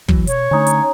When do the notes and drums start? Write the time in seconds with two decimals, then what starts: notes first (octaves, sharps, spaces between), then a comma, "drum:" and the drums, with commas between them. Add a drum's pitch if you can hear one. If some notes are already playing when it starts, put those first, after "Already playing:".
0.08 E1 E3 F#3, drum: kick
0.27 B2 C#5, drum: hi-hat
0.51 D3 A3 C#4 D#4
0.67 drum: hi-hat